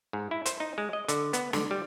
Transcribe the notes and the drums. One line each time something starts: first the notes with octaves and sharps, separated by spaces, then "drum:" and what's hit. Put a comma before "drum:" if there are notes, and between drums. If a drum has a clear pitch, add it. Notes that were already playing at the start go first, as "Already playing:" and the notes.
G#2
E4
C5, drum: hi-hat
D#4
G#3
D#5
D3, drum: hi-hat
B3, drum: hi-hat
D3, drum: snare
G3